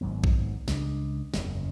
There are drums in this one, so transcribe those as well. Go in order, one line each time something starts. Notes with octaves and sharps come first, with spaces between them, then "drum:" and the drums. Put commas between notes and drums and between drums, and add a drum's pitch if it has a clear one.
G#1 G#2 F#3 B3
drum: kick A#1
C#2 C#3 G#3 D4, drum: snare
F#1 E2 C#3, drum: snare